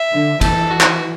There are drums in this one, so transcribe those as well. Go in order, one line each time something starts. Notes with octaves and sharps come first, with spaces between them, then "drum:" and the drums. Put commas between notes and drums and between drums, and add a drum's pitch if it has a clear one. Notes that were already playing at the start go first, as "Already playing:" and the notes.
Already playing: E5
D3
E3 A4, drum: kick, cymbal
F#4
drum: clap